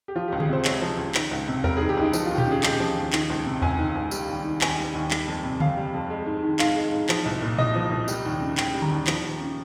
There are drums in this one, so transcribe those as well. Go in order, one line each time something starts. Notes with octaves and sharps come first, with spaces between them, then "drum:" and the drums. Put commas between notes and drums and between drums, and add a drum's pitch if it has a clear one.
G4
F3 F4
C#2 G4
G#4, drum: tom D3
C3 C5
G#3 C#5, drum: clap
F3
C#2
D#3, drum: clap
C#2
C3
G3 A#4, drum: tom E2
D#3 G#4
G4
C#2 D#4
F3, drum: tambourine
D#2 F4
G4, drum: tom A#2
C#3 G#4
G#3 G5, drum: clap
F3
D#2
D#3, drum: clap
C#2
C3
C#2 G#5, drum: tom E2
D#3
C#2
G3, drum: tambourine
D#2
D#3
D#2 G#5, drum: clap
G3
D#2
G3, drum: clap
F2
C3
F2 F5, drum: tom C#3
G3
F2
G#3
G#2
D#3
G#2 F5, drum: clap
G#3
G#2
F3, drum: clap
C2
A#2
C2 D#5, drum: tom A#2
F3
C2
G3, drum: tambourine
D#2
C#3
D#2 G5, drum: clap
G3
A#5, drum: tom D3
D#2
F3, drum: clap
D#2
C#3